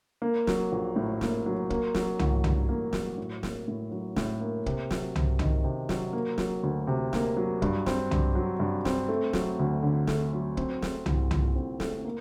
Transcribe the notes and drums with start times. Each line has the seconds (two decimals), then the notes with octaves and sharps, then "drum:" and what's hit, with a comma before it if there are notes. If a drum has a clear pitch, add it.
0.22 A#3
0.47 F#3, drum: snare
0.72 A#1
0.96 A2
1.21 A#3, drum: snare
1.46 F#3
1.70 A#3, drum: kick
1.95 F#3, drum: snare
2.19 A1, drum: tom C2
2.44 G2, drum: tom C2
2.69 A#3
2.93 F#3, drum: snare
3.18 A2
3.43 A#3, drum: snare
3.68 A2
3.91 F#3
4.16 A2, drum: snare
4.40 A#3
4.66 C3, drum: kick
4.91 F#3, drum: snare
5.16 C3, drum: tom C2
5.39 D#3, drum: tom C2
5.64 C3
5.89 F#3, drum: snare
6.13 A#3
6.38 F#3, drum: snare
6.63 D2
6.87 C3
7.13 A#3, drum: snare
7.36 F#3
7.62 G2, drum: kick
7.86 C4, drum: snare
8.11 G2, drum: tom C2
8.35 F#3
8.60 G2
8.85 C4, drum: snare
9.09 A3
9.33 F#3, drum: snare
9.59 D2
9.83 D3
10.07 A3, drum: snare
10.33 F#3
10.57 C4, drum: kick
10.82 A3, drum: snare
11.06 C2, drum: tom C2
11.31 A#2, drum: tom C2
11.55 C4
11.80 A3, drum: snare
12.05 A#3